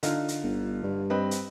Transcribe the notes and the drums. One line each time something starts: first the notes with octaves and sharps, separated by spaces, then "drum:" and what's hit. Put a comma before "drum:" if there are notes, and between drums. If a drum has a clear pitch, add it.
D3 D#4 F4, drum: hi-hat
drum: hi-hat
G1
G2
C4 B4 D#5
drum: hi-hat